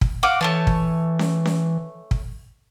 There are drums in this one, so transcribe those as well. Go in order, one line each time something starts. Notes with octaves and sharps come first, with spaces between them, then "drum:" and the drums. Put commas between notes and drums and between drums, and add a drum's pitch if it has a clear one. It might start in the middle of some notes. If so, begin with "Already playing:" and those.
drum: kick
F#4 F5 D6
E3 A3 C#5 A5
drum: kick
drum: snare C#4
drum: snare C#4
drum: kick